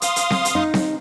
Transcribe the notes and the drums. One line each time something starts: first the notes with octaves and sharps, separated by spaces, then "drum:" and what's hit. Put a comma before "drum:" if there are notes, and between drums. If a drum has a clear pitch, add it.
F5 C6 D#6, drum: hi-hat
drum: hi-hat
drum: snare C4
drum: hi-hat
D#4
drum: snare C4